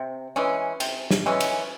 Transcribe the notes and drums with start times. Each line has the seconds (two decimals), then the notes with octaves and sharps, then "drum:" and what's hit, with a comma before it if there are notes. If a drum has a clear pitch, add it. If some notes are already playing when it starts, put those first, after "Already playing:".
Already playing: C3
0.36 E3 G#3 C#4
0.80 C3, drum: cymbal
1.11 drum: snare
1.26 E3 G#3 C#4
1.40 drum: cymbal